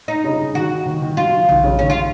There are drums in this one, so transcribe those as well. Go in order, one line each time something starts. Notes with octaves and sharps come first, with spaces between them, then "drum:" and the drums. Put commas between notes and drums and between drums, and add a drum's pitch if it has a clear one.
D#4
C#3
D#3 F#4
D#3
D#3
F#3 F4
F#3
F3
D#3, drum: tom A#1
C#3
D#3 C#4
F3 F4